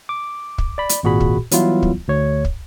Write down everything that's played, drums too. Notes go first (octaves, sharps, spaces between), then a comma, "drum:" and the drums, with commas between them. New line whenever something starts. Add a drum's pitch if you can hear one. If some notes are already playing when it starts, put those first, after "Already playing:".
D6
drum: kick
D5 B5
drum: hi-hat
G#1 A#2 F#4 G#4 B5
drum: kick
E3 F#3 G3 B3 E4 F4, drum: hi-hat
drum: kick
D2 C#5
drum: kick